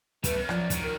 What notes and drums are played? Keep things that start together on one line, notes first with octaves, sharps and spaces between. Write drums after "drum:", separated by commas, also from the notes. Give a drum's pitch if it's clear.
G3 A3 B3 B4, drum: kick, hi-hat
F#2
F3 D5, drum: rim click
D#3 F#3, drum: kick, hi-hat
A#4